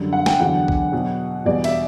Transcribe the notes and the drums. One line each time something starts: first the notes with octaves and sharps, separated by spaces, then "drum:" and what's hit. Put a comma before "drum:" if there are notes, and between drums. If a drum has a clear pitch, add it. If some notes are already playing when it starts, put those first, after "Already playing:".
Already playing: F#2 D3 G3
F#5
G5, drum: snare
E2 D3 F#3 F#5
drum: kick
B2 F#3
E2 B2 G3 D5
E5, drum: cymbal